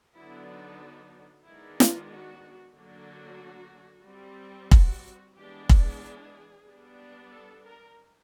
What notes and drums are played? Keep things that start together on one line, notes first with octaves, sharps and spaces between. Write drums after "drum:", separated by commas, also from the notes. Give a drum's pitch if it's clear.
D3 F#3 B3 D4 E4
D#4
D#3 G#3 B3 D4 E4
F4, drum: snare
F#4
D3 F#3 A#3 D4 F#4
G3 C4
F#4, drum: kick
E3 G#3 B3 D4 G4
G#4, drum: kick
G3 B3 D4
A4
A#4